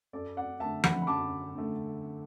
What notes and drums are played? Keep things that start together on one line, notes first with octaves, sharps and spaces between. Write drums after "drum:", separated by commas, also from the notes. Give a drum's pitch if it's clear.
F#2 A4 D5
D5 F#5
D3 A3 E5 A5
F#5 B5, drum: tom F3
B5
F#2 A5 D6
D3 A3